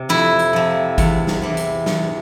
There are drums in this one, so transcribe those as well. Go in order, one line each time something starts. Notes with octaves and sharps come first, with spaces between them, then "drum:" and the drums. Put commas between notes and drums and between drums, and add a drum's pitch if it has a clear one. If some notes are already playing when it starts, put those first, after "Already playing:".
Already playing: C3
F2 E4
drum: hi-hat
C3 F3
E2, drum: kick G#1, hi-hat
drum: snare
C3 E3
drum: hi-hat
E2, drum: snare